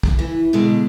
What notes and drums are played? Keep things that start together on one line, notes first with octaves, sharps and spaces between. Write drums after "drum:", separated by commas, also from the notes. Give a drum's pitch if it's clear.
drum: kick
E3
B2 D3 G#3